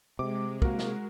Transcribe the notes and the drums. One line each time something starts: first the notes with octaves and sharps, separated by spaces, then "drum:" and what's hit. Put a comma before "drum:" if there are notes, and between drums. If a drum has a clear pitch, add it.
C3 G#3 D6
A#3 F#4 A#4, drum: kick
drum: snare